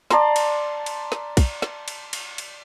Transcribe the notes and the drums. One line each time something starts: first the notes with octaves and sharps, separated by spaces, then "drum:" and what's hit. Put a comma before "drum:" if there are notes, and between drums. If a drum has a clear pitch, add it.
D5 A5 A#5 C6, drum: snare
drum: cymbal
drum: cymbal
drum: snare
drum: kick, cymbal
drum: snare
drum: cymbal
drum: cymbal
drum: cymbal